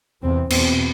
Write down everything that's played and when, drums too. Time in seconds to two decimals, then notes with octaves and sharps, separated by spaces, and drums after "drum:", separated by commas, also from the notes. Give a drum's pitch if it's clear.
0.22 E2 C3 C4
0.50 E2 B2 C4, drum: cymbal